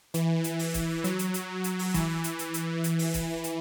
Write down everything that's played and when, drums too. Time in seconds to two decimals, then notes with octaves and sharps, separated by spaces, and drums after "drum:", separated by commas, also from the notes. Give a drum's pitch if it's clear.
0.14 E3, drum: hi-hat
0.44 drum: hi-hat
0.59 drum: open hi-hat
0.74 drum: kick C#1, hi-hat
1.04 F#3, drum: hi-hat
1.19 drum: hi-hat
1.34 drum: hi-hat
1.64 drum: hi-hat
1.79 drum: open hi-hat
1.94 E3, drum: kick C#1, hi-hat
2.24 drum: hi-hat
2.39 drum: hi-hat
2.54 drum: hi-hat
2.84 drum: hi-hat
2.99 drum: open hi-hat
3.14 drum: kick C#1, hi-hat
3.44 drum: hi-hat